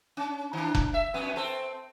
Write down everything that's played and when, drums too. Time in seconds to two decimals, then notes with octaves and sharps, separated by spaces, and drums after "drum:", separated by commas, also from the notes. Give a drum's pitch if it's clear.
0.17 C#4
0.53 D#3 D4
0.75 drum: kick F1
0.94 E5
1.14 F2 B3
1.36 C4 A4